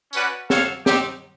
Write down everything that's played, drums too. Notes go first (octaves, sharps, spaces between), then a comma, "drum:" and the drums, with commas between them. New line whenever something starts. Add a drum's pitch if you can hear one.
C#4 F#4 B4 D5 F#5, drum: tambourine
F#4 A4 C#5 F5, drum: snare
C4 D#4 G4, drum: snare